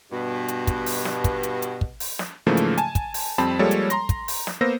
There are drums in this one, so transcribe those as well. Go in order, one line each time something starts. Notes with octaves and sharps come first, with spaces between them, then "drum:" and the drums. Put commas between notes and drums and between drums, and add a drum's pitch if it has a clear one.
G2 B2
drum: hi-hat
drum: kick, hi-hat
drum: open hi-hat
drum: snare
drum: kick, hi-hat
drum: hi-hat
drum: hi-hat
drum: kick
drum: open hi-hat
drum: snare
G#2 C#3 E3 F3 A3 A#3
drum: hi-hat
G#5 A5, drum: hi-hat
drum: kick, hi-hat
drum: open hi-hat
F2 G3 C4 A5 B5
F3 G3 G#3 A#3 A4 C#5
drum: hi-hat
A#5 C6 A#6, drum: hi-hat
drum: kick, hi-hat
drum: open hi-hat
drum: snare
A#3 B3 C5 E6 A#6